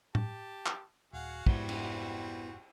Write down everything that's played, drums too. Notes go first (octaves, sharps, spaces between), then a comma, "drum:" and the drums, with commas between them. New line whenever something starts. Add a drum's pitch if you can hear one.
G4 A5, drum: tom A2
drum: clap
D#1 F#4 G#4 F5 F#5
F1 G#2 G3 G#3 B3 C4 E4 C5, drum: kick
drum: cymbal